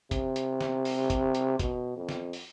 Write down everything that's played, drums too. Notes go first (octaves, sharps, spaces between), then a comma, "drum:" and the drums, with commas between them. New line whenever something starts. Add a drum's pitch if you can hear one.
C3, drum: kick, hi-hat
drum: hi-hat
drum: snare
drum: open hi-hat
drum: kick, hi-hat
drum: hi-hat
B2, drum: kick, hi-hat
F2
drum: snare
drum: open hi-hat